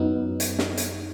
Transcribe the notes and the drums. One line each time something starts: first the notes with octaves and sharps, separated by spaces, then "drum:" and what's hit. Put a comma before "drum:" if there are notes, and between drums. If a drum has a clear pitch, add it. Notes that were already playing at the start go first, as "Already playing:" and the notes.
Already playing: F#2 F#3 B3 D#4
drum: hi-hat
drum: snare
drum: hi-hat